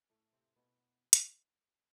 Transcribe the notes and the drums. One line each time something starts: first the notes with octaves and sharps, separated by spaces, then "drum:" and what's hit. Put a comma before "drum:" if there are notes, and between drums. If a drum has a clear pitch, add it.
A2 A3
C3 C4
B2 B3
drum: hi-hat